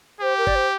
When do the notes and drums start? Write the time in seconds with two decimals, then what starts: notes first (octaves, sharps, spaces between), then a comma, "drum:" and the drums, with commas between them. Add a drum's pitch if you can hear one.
0.21 G4 C5
0.38 A#4
0.47 D5, drum: kick
0.55 C5